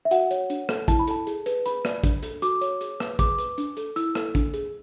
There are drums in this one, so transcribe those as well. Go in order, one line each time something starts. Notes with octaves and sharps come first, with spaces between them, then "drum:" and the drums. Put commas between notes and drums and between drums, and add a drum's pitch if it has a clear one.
E5
F#4 F#5, drum: hi-hat
C#5, drum: hi-hat
D4, drum: hi-hat
A4, drum: rim click
E4 A5, drum: kick, hi-hat
B5
A4 A5, drum: hi-hat
G#4, drum: hi-hat
B4, drum: hi-hat
G#4 B5, drum: hi-hat
D5, drum: rim click
D4, drum: kick, hi-hat
A4, drum: hi-hat
F#4 D6, drum: hi-hat
C#5, drum: hi-hat
G#4, drum: hi-hat
B4, drum: rim click
G#4 D6, drum: kick, hi-hat
B4, drum: hi-hat
D4, drum: hi-hat
A4, drum: hi-hat
E4 E6, drum: hi-hat
A4, drum: rim click
D4, drum: kick, hi-hat
G#4, drum: hi-hat